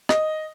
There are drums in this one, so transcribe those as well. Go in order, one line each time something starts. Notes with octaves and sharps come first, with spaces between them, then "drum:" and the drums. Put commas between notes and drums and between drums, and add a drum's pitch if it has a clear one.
D#5, drum: rim click